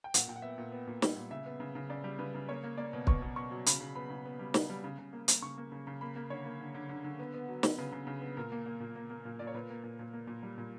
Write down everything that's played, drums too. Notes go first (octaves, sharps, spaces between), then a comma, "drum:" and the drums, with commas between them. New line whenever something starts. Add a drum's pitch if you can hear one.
G5
A#2 F#5, drum: hi-hat
A#2 G5
F#5
B3 E5
A#2
B3
A#2
G3, drum: snare
A#2
C#3 E5
B3
C#3
C#3
C#3 D5
G3
C#3 B4
C#3
A#3 C#5
A#3
A#3 D5
B2
B2 C#6, drum: kick
B2
B2 C#6
F#3
C#3 B5, drum: hi-hat
C#3
B3 B5
C#3
B3
G3
B3, drum: snare
G3
C#3
C#3
A#3
A#3, drum: hi-hat
C#3 C#6
A#3
C#3
C#3
A#3 B5
A#3
D3 C#5
A#3
D3
D3
D3
D3
B3
B3
F#3
B3, drum: snare
C#3 B4
C#3
C#3
B3
A#2 A#4
A#3
A#3
A#2
A#3
A#3
A#2
A#2 D5
C#5
A#2 B4
A#3
A#2
A#2
A#3
A#2
G3
A#2